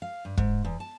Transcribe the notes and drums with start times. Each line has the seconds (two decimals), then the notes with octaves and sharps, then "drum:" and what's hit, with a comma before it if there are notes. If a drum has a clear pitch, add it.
0.02 F5
0.25 G2
0.37 G#2, drum: kick
0.64 E2
0.80 A5